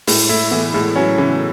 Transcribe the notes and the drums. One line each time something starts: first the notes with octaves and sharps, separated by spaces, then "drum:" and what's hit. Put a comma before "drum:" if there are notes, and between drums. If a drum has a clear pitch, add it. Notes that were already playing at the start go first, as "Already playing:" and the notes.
A2 G#3, drum: open hi-hat
A3 E4
E3 B3
A2 G#3
F#3 C#4
C#3 E3